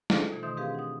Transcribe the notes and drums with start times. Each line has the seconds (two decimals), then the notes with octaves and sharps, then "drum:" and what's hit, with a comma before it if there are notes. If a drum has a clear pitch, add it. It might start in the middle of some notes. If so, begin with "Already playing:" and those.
0.10 D#4 F4 A4 C5, drum: snare
0.31 B2 E3 A3
0.43 B2 D#3 C5 E5 C6 D#6
0.57 C4 D4 G4 G#4 B4 F5
0.75 F#5 D#6